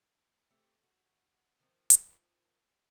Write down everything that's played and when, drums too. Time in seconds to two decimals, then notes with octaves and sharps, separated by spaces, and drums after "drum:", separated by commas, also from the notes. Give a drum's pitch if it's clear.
0.51 A3 C4 G4
0.83 F#4
1.60 D#3 F3 C4
1.90 drum: hi-hat